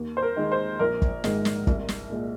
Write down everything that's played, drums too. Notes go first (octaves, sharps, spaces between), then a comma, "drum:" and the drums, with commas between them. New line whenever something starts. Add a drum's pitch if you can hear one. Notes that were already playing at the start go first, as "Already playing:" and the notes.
Already playing: D#2
C5
A#4
D#3 G#3
C5
A#1 A#4
drum: kick
G#2 D#3 G#3, drum: snare
drum: snare
C2, drum: kick
drum: snare
A#2 G#3